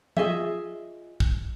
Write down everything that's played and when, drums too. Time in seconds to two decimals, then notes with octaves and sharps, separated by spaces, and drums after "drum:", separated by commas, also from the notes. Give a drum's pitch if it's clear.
0.17 F4 G#4 D#5 E5, drum: tom F3
1.20 drum: kick